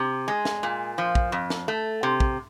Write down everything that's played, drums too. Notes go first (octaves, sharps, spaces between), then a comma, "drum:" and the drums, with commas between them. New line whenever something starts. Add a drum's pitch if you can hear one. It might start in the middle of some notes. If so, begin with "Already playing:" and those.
Already playing: C3
G#3
drum: snare
A#2
F3
drum: kick
F2
drum: snare
A3
C3
drum: kick